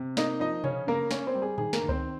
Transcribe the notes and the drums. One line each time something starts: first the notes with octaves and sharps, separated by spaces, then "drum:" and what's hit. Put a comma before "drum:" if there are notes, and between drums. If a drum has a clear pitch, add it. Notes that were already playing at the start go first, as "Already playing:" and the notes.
Already playing: C3
A#3 D#4 D#5, drum: snare
F3 D#4 D#5
C#3 C#4 C#5, drum: tom B2
C#3 A#3 A#4
A#3 C#4 C#5, drum: snare
C4 C5
G3
G#4
D#3 G#4, drum: tom A2
A#3 A#4, drum: snare
D#3
C4 C5, drum: kick C#2